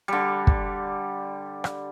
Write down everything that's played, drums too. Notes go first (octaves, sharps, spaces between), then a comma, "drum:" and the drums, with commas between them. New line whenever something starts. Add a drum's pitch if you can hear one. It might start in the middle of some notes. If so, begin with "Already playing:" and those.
D3 G3
drum: kick
drum: rim click